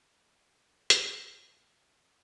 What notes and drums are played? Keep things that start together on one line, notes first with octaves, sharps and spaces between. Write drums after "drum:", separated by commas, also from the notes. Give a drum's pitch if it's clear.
A3 C4 A4
drum: hi-hat
D#6 A6
G2 B3 A4 F6
C3 F3 E5
F2 C#3 F#5